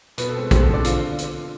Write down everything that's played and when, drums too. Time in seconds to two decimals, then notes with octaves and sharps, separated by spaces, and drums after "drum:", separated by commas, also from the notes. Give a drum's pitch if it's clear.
0.18 B2 B3 B4, drum: hi-hat
0.30 A4
0.35 G#3 C4
0.51 B2 C4 C5, drum: kick, hi-hat
0.63 A4
0.68 C4
0.73 G#3 D4 D5
0.84 D3 F4 F5, drum: hi-hat
1.18 drum: hi-hat